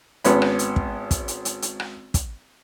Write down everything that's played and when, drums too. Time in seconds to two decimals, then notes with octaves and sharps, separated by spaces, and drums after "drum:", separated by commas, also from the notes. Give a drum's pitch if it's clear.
0.24 G#1 B3 C#4 B5, drum: hi-hat
0.42 drum: rim click
0.59 drum: hi-hat
0.76 drum: kick
1.11 drum: kick, hi-hat
1.28 drum: hi-hat
1.45 drum: hi-hat
1.62 drum: hi-hat
1.80 drum: rim click
2.14 drum: kick, hi-hat